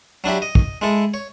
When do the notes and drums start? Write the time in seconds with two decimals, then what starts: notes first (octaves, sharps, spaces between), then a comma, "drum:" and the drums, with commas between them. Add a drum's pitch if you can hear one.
0.24 F#3 D4 E4 G4
0.42 D#5
0.55 drum: kick
0.82 G#3 E4 A4
1.14 C#5